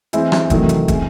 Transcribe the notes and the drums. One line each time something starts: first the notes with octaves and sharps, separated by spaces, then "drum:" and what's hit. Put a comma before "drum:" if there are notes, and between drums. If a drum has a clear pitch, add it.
E3 G#3 C4 E4, drum: hi-hat
drum: rim click
E2 C3 D#3 F#3 A3, drum: kick, hi-hat
drum: hi-hat
C3 E3 G#3 C#4, drum: kick, hi-hat